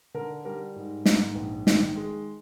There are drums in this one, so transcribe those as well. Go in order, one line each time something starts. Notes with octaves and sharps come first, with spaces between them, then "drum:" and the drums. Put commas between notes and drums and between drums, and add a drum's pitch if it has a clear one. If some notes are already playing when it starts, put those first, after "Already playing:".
D3 A#4
G3 A#4
G#2
G#2, drum: snare
A#1
D#3, drum: snare
G#3